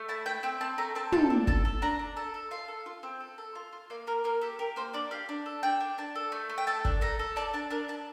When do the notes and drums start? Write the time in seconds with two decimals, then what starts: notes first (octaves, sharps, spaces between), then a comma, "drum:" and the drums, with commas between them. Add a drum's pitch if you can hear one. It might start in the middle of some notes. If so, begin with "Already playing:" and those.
Already playing: A3
0.09 E4 A5
0.26 E4 G5
0.43 C4 G5
0.61 C4 A5
0.78 A3 A#5
0.95 C4 A5
1.12 A4 A5, drum: tom
1.30 D4
1.47 A4 A5, drum: kick F#1
1.65 A4
1.82 D4 A#5
1.99 D4
2.16 A4 A5
2.34 A4
2.51 F4 F5
2.68 A4
2.86 F4
3.03 C4
3.20 A4
3.38 A4
3.55 F4
3.73 F4
3.90 A#3 F5
4.07 A#3 A#4
4.24 A#3 A#4
4.41 G4 A4
4.59 G4 A#4
4.76 A#3 C5
4.93 D4 D5
5.11 G4 F5
5.29 D4
5.46 A4
5.63 D4 G5
5.81 D4
5.98 D4 A5
6.16 A4
6.32 A3
6.50 A3
6.58 G5
6.67 A4 A5
6.85 D4, drum: kick F#1
7.01 A4 A#5
7.19 A4
7.36 D4 A5
7.54 D4 A5
7.70 D4 A#4
7.88 D4 A5